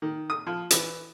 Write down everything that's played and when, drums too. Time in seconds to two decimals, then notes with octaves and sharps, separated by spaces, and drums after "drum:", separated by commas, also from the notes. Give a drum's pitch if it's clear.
0.02 D#3
0.30 D#6
0.47 F3
0.70 E3, drum: hi-hat